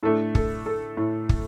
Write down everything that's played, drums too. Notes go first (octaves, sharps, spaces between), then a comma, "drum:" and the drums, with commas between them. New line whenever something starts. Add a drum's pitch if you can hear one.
A2 A3 D4 A4
A4, drum: kick
A4
A2
drum: kick